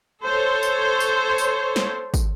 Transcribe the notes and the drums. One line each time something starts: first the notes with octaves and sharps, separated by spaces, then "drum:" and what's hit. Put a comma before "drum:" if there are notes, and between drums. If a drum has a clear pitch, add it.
A4 C5 C#5
drum: tambourine
drum: tambourine
drum: tambourine
drum: snare
drum: kick, tambourine